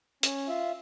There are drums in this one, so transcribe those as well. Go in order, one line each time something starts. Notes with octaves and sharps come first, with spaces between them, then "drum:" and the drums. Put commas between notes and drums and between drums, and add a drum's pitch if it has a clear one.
C#4, drum: hi-hat
F4 E5